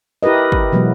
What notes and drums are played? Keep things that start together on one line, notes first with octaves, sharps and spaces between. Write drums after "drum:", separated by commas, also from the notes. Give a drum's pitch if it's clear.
E4 G4 A#4 B4 D#5
drum: kick
B2 E3 F#3 G#3 B3